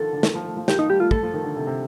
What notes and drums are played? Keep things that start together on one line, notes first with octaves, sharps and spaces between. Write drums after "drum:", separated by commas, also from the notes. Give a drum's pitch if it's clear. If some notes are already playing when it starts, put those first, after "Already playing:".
Already playing: D3 D#3 F3 A4
D3
D#3, drum: snare
F3
A3
F3
D#3 G4, drum: snare
F3 D#4
G3 G4
A3 F4
A3 A4, drum: kick
F3
D#3
D3
C3
C3